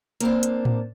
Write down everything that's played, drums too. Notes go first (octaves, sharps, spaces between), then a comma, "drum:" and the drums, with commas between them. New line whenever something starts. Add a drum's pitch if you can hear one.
A#3 C4 D4, drum: hi-hat
drum: hi-hat
drum: tom A2